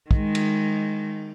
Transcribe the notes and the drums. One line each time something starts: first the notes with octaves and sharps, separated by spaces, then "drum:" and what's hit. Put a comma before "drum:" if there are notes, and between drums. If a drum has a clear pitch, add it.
D#3 G#3, drum: kick
drum: cymbal